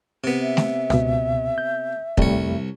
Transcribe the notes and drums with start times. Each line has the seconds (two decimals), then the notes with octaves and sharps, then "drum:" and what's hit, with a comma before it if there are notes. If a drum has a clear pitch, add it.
0.24 C3 B3
0.42 E5
0.57 drum: snare A3
0.90 C#2 B2, drum: rim click
1.58 G6
2.18 C2 F2 G3 A3 C#5, drum: kick